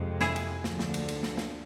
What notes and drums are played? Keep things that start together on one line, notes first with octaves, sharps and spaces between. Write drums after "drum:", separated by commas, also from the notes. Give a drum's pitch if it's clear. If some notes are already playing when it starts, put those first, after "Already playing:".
Already playing: F2 C3 G#3
E4 G#4, drum: snare
drum: cymbal
D2 D3 F3, drum: snare
drum: snare
drum: cymbal
drum: cymbal
drum: snare
drum: snare